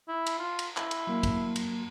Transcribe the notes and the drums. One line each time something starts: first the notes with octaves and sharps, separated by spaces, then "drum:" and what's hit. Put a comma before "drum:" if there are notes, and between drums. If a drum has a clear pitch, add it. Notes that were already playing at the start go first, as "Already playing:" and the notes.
E4
drum: cymbal
F4
drum: cymbal
E4, drum: clap
drum: cymbal
F#3 A#3
drum: kick, cymbal
drum: cymbal